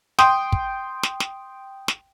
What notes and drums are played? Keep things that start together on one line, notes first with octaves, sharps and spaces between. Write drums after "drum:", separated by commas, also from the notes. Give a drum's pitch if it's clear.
G5 C6 D#6, drum: snare
drum: kick
drum: snare
drum: snare
drum: snare